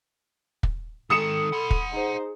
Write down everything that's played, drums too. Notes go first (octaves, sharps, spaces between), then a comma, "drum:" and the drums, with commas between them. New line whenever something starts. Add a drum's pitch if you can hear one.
drum: kick
D#3 G#3 A4 D#6 C#7 E7
F#5 B5 C6
drum: kick
D#4 G#4 C5